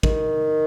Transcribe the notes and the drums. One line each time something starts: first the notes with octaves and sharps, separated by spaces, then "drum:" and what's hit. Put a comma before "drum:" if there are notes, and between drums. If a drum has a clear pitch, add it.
D#3, drum: kick